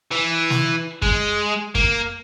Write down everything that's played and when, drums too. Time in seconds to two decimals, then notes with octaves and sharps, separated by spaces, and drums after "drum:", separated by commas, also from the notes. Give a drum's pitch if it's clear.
0.11 E3
0.50 drum: snare
1.02 G#3, drum: kick F#2
1.75 A#3, drum: kick F#2